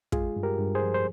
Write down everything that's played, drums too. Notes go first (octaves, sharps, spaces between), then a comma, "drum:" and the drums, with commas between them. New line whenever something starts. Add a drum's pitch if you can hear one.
G#3 F4 G#4, drum: kick
G2
G4 A#4
G2
G#4 C5
F3
C5